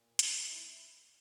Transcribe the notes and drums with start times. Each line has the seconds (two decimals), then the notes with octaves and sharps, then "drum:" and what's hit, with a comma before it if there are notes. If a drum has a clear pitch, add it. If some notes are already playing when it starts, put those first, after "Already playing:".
Already playing: A#2
0.19 D#4, drum: hi-hat
0.46 E4